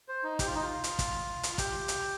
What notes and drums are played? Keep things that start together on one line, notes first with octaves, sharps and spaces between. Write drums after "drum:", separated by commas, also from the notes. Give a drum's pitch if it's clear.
C5
D#4
G4, drum: kick, hi-hat
F4
D#4
F4
drum: hi-hat
drum: kick, hi-hat
drum: hi-hat
F4
G4, drum: kick, hi-hat
drum: hi-hat